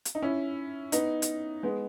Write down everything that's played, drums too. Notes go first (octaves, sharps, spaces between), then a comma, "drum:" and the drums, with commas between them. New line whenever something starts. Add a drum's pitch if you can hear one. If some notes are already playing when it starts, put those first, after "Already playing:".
drum: hi-hat
D#4
C#4 E4
B3 D#4, drum: hi-hat
drum: hi-hat
G#3 B3